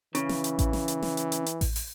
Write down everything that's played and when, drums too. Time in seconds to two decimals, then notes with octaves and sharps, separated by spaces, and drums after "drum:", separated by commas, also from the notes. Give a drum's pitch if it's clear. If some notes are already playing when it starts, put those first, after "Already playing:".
0.15 C#3 E3, drum: hi-hat
0.29 drum: snare
0.44 drum: hi-hat
0.59 drum: kick A1, hi-hat
0.73 drum: snare
0.88 drum: hi-hat
1.03 drum: snare
1.17 drum: hi-hat
1.32 drum: hi-hat
1.46 drum: hi-hat
1.61 drum: kick A1, open hi-hat
1.76 drum: open hi-hat